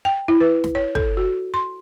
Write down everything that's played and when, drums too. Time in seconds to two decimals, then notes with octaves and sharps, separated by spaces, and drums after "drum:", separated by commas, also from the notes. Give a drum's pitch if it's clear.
0.05 G5
0.28 E4
0.40 B4
0.64 drum: snare
0.75 C#5
0.95 A4, drum: kick
1.17 F#4
1.54 C6